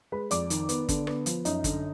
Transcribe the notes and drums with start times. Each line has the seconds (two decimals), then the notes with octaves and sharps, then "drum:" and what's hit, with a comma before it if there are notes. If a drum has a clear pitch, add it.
0.12 G#3 B4 B5
0.31 F2 D5 D6, drum: hi-hat
0.50 D#3, drum: hi-hat
0.69 B3, drum: hi-hat
0.89 D3, drum: kick, hi-hat
1.07 B3, drum: rim click
1.26 F3, drum: hi-hat
1.45 F#2 D#4 D#5, drum: hi-hat
1.64 D3, drum: kick, hi-hat